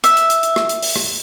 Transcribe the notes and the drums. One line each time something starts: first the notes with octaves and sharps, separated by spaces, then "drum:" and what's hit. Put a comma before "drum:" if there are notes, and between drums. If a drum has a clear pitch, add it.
E5, drum: hi-hat
drum: hi-hat
drum: hi-hat
drum: hi-hat
drum: rim click
drum: hi-hat
drum: open hi-hat
drum: rim click